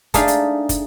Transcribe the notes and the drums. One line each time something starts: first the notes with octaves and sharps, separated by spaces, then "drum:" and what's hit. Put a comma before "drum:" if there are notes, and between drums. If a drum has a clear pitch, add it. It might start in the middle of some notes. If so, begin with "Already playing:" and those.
A3 D4 D#4 G#4 F5, drum: kick, hi-hat
drum: hi-hat
drum: kick, hi-hat